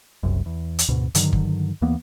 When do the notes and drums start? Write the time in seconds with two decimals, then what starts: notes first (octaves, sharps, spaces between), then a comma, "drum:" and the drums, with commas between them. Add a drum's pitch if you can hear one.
0.23 F#1 C2 F#2
0.46 E2
0.79 drum: hi-hat
0.89 D2 G#2 B2
1.15 G2 D3 D#3 F#3, drum: hi-hat
1.33 drum: kick G1
1.82 D#2 E3 A#3 B3